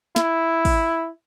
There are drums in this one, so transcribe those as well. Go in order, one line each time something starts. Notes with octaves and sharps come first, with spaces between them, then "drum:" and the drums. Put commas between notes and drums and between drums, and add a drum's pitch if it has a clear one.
E4, drum: snare
drum: kick, open hi-hat